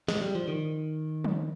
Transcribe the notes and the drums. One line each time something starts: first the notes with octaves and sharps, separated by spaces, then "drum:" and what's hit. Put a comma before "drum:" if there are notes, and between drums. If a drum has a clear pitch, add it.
G#3, drum: snare
G3
F3
D#3
drum: tom